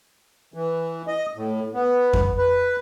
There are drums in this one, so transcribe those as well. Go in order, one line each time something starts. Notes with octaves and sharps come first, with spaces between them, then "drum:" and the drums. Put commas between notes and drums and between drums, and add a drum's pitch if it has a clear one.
E3
D#5
A2
B3
drum: kick F2
B4